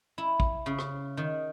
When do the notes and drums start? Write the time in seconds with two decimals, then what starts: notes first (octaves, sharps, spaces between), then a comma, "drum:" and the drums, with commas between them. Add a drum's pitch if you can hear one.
0.18 E4
0.40 drum: kick
0.66 C#3
0.79 drum: rim click
1.17 D#3